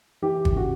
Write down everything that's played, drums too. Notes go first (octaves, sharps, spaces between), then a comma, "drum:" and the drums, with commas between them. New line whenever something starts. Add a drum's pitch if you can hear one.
E3 G4
drum: kick
C#3 F#4